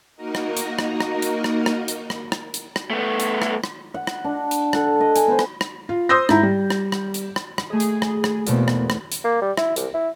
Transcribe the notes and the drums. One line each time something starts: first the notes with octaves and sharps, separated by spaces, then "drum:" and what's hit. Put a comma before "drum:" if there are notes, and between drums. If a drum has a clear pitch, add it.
A#3 D#4 F#4 A#4 D#5
drum: rim click
drum: hi-hat
drum: rim click
drum: rim click
drum: hi-hat
drum: rim click
drum: rim click
drum: hi-hat
drum: rim click
drum: rim click
drum: hi-hat
drum: rim click
A3 B3
drum: hi-hat
drum: rim click
drum: rim click
F#5
drum: rim click
D4
drum: hi-hat
A4 F#5, drum: rim click
D5 D#5
G#5, drum: hi-hat
B3 C5
drum: rim click
drum: rim click
F4
C5 C6 D#6 E6 G6 A#6
G#2 E4 A#5, drum: rim click
G3
drum: rim click
drum: rim click
drum: hi-hat
drum: rim click
drum: rim click
A3 G#4 D#5
drum: hi-hat
drum: rim click
drum: rim click
E2 B2 A3 A#3 C4, drum: hi-hat
drum: rim click
drum: rim click
drum: hi-hat
A#3
G3
E4, drum: rim click
C2, drum: hi-hat
E4